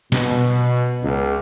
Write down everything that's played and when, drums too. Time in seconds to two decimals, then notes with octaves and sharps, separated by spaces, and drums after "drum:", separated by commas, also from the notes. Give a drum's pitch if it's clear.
0.12 B2, drum: snare
1.03 C#2